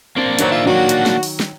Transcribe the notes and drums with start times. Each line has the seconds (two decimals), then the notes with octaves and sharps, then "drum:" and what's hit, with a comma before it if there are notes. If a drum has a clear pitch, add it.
0.16 A#3 C4 D4
0.39 D#3 F#3 C5 A#5, drum: hi-hat
0.51 F4 E5
0.66 D#3 F#3 F#4 C#5
0.89 drum: hi-hat
1.06 drum: snare
1.23 drum: open hi-hat
1.40 drum: snare